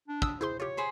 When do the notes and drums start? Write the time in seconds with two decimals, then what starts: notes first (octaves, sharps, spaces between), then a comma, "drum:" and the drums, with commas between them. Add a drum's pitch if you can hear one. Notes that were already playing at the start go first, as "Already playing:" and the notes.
0.08 D4
0.22 D#6 E6, drum: kick
0.41 E4 G#4 C5 C6
0.60 F4 G4 C#5
0.77 G#4 C5 B5